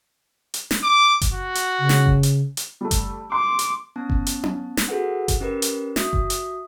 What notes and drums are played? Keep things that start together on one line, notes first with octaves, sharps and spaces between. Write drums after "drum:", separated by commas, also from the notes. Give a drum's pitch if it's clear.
drum: hi-hat
drum: snare
D6
drum: kick F#1, hi-hat
F#4
drum: hi-hat
C#3
drum: snare
drum: kick F#1
drum: hi-hat
drum: hi-hat
G3 A3
drum: kick F#1, hi-hat
C6 D6
drum: hi-hat
B3 C#4 A5
drum: kick F#1
drum: hi-hat
drum: tom C#4
drum: snare
F#4 G#4 A4 B4 F#5
drum: kick F#1, hi-hat
C#4 G4 A#4 B4
drum: hi-hat
F#4 E5 D#6, drum: snare
drum: kick F#1
drum: hi-hat